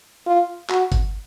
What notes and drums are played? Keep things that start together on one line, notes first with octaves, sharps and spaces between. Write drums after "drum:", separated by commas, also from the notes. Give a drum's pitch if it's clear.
F4
F#4, drum: clap
drum: kick G1, hi-hat